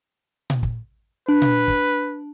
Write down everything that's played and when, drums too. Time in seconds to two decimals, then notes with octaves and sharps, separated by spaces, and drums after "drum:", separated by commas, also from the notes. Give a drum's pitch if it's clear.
0.50 drum: tom A#2
0.63 drum: kick
1.29 D4 B4
1.42 drum: tom A#2
1.68 drum: kick